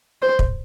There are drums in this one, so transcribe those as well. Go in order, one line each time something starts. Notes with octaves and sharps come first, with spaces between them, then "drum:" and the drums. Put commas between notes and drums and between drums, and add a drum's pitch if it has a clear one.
C5
drum: kick